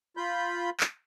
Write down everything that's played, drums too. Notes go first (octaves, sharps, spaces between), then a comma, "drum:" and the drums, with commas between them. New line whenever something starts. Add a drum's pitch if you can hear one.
F4 B5 G6
drum: clap